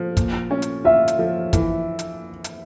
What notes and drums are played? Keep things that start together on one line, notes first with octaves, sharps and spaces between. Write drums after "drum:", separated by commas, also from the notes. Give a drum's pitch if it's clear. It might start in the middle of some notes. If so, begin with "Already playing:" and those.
Already playing: F3
A#2, drum: kick, hi-hat
C#4
drum: hi-hat
F4 E5
drum: hi-hat
F3
E3, drum: kick, hi-hat
drum: hi-hat
drum: hi-hat